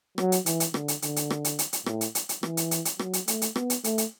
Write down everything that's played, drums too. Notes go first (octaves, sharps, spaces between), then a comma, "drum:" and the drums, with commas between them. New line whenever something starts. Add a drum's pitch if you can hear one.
F#3, drum: rim click
drum: hi-hat
E3, drum: hi-hat
drum: hi-hat
D3, drum: rim click
drum: hi-hat
D3, drum: hi-hat
drum: hi-hat
drum: rim click
drum: hi-hat
drum: hi-hat
drum: hi-hat
A2, drum: rim click
drum: hi-hat
drum: hi-hat
drum: hi-hat
E3, drum: rim click
drum: hi-hat
drum: hi-hat
drum: hi-hat
F#3, drum: rim click
drum: hi-hat
A3, drum: hi-hat
drum: hi-hat
B3, drum: rim click
drum: hi-hat
A3, drum: hi-hat
drum: hi-hat